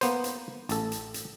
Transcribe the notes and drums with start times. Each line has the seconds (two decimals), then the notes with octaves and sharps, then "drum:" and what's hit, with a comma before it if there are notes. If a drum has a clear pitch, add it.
0.01 A#3 B3 C5, drum: hi-hat
0.24 drum: hi-hat
0.69 A1 A4, drum: hi-hat
0.92 drum: hi-hat
1.14 drum: hi-hat